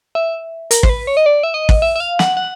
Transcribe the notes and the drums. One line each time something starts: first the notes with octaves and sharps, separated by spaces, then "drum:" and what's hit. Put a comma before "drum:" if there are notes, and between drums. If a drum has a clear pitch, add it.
E5
A#4, drum: hi-hat
C5, drum: kick
B4
C#5
D#5
D5
E5
D#5
drum: kick
E5
E5
F5
F#5, drum: snare
F#5